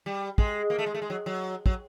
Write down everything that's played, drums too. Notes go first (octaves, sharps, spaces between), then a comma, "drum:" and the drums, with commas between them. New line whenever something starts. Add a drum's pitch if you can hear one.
G3
G#3, drum: kick
A#3
A3
G#3
A3
G#3
F#3
F#3
F#3, drum: kick